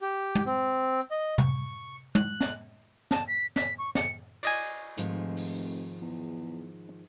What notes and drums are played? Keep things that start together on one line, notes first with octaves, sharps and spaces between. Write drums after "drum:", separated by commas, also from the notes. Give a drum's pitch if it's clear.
G4
drum: tom
C4
D#5
C#6, drum: tom
F#6, drum: tom
drum: snare
A5, drum: snare
B6
B6, drum: snare
C#6
C#7, drum: snare
D5 D#5 G#5, drum: cymbal
F1 G#2 D#3 F3, drum: hi-hat
drum: open hi-hat
E2